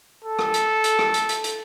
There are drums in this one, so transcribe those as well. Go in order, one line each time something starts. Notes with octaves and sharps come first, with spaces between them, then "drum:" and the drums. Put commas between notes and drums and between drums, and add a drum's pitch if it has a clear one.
A4
drum: rim click
drum: hi-hat
drum: hi-hat
drum: rim click
drum: hi-hat
drum: hi-hat
drum: hi-hat